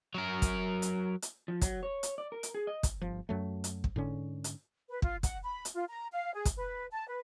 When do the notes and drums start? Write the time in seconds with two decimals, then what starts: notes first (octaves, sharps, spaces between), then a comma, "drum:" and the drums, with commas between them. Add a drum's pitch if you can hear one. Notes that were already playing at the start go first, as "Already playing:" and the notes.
0.14 F#3 A#4
0.42 drum: kick, hi-hat
0.82 drum: hi-hat
1.22 drum: hi-hat
1.48 F3
1.61 F#3, drum: kick, hi-hat
1.83 C#5
2.03 drum: hi-hat
2.18 D5
2.32 A#4
2.43 drum: hi-hat
2.55 G#4
2.67 D#5
2.83 drum: kick, hi-hat
3.02 G1 F3
3.29 F#2 F#3 A3
3.64 drum: hi-hat
3.84 drum: kick
3.96 G#2 D3 C#4
4.44 drum: hi-hat
4.90 B4
5.02 F4, drum: kick
5.23 F#5, drum: kick, hi-hat
5.44 B5
5.65 drum: hi-hat
5.74 F4
5.89 A#5
6.12 F5
6.34 G#4
6.45 drum: kick, hi-hat
6.57 B4
6.91 A5
7.07 B4